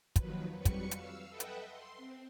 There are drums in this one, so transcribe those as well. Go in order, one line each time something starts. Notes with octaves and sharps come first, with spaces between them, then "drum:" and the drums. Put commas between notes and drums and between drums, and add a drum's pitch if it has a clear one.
D#2 D#3 F3 F#3 B4, drum: kick, hi-hat
F2 F#3 G3 B4 C#6 C#7
drum: kick, hi-hat
F5 E6, drum: hi-hat
A4 B4 D#5 E5 F#5 G5
drum: hi-hat
C6
C4